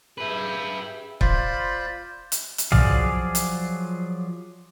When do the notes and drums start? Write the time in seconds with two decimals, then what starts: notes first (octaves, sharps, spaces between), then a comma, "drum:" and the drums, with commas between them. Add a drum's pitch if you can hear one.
0.18 G4 G#4 B4 E5
1.21 F4 C5 D5 B5, drum: kick C#1
2.32 drum: hi-hat
2.58 drum: hi-hat
2.72 F3 F#3 G#4 D5 F5, drum: tom
3.35 drum: hi-hat